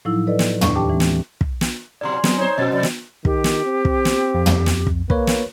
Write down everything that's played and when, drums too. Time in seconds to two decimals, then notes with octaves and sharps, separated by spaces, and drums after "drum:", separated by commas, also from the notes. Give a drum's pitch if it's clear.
0.05 A2 F3 F#3 D#4 E4 E6
0.27 A4 B4 D5 D#5
0.39 drum: snare
0.61 D#2 A2 D#3 D4 C#6, drum: tom
0.75 G4 G5 A5 D6
0.89 E3 G#3 C4
1.00 drum: snare
1.41 drum: kick
1.61 drum: snare
2.01 G#2 B2 F#3 D5 C6
2.24 F#3 G#3 B3 C4 G#4 A#4, drum: snare
2.37 D#4 C5 C#5
2.58 F2 B2 C#4 F#4 C5 D#5 A6
2.72 C3 F#3 D5
2.83 drum: snare
3.25 D#3 G4, drum: kick
3.44 drum: snare
3.65 C4
3.85 drum: kick
4.05 drum: snare
4.35 F2
4.46 drum: tom
4.66 drum: snare
4.87 drum: kick
5.10 A#3 B4 C#5, drum: kick
5.27 drum: snare